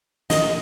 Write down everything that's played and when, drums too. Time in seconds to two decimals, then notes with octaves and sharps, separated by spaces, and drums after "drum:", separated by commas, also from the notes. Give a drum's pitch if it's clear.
0.30 D#5, drum: snare